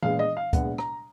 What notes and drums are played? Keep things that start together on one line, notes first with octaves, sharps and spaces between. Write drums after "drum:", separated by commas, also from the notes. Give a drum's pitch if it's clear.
A#1 A#2 G#3 B3 F5, drum: tom E3
D#5
F5
A#1 A#2 G#3 B3 F#5, drum: kick C#2, hi-hat
A#5, drum: rim click